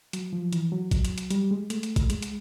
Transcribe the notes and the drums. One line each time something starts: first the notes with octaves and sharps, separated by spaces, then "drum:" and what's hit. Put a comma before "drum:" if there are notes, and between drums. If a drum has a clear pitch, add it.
F#3, drum: hi-hat
F3
E3, drum: hi-hat
F#3
drum: kick A1, hi-hat
drum: hi-hat
drum: hi-hat
G3, drum: hi-hat
G#3
A3, drum: hi-hat
drum: hi-hat
drum: kick A1, hi-hat
G#3, drum: hi-hat
drum: hi-hat